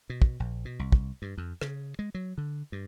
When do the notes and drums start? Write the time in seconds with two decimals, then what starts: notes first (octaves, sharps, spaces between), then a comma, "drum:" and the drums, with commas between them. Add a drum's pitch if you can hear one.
0.10 B2
0.22 drum: kick
0.40 A#1
0.65 B2
0.79 C2
0.92 drum: kick
1.22 G2
1.38 F2
1.62 C#3, drum: rim click
1.99 G#3
2.14 F#3
2.38 D3
2.72 G2